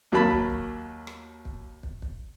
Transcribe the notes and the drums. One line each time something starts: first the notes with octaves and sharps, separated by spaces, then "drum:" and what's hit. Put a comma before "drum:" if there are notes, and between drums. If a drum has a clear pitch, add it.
D#2 F#3 A#3 A5 B5
drum: kick
drum: kick
drum: rim click
drum: kick
drum: kick
drum: kick